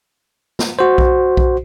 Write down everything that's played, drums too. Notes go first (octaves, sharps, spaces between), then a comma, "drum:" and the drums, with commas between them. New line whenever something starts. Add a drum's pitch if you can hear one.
drum: snare
F#4 C5
drum: kick B1
drum: kick B1